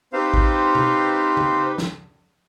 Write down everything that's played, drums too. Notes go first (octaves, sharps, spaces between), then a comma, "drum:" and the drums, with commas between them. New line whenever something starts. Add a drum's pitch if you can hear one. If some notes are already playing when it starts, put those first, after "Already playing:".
C4 D#4 G4 B4 C5 F5
drum: kick
drum: tom B2
drum: tom
drum: snare